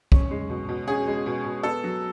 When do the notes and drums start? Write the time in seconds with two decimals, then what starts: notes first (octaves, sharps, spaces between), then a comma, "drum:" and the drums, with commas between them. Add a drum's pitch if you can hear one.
0.12 C#4, drum: kick
0.31 G#3
0.50 B2
0.69 B2
0.88 C#4 G#4
1.07 G#3
1.26 B2
1.44 B2
1.63 B3 A4
1.84 F#3